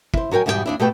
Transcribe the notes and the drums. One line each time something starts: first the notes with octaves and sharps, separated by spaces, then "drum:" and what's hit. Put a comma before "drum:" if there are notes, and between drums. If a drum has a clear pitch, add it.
E4 C5, drum: kick
F#3 F#4 A#4 G5 G#5
E2 G#2 B2 G3 A4 G5
D#2 D4 E4
B2 A3 G4 A4 B4 G5